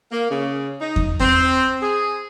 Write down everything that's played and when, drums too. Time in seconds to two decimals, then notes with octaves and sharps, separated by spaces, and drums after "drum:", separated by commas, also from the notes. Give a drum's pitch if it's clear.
0.11 A#3
0.30 C#3
0.80 D#4
0.96 drum: kick E2
1.19 C4, drum: kick E2
1.82 G#4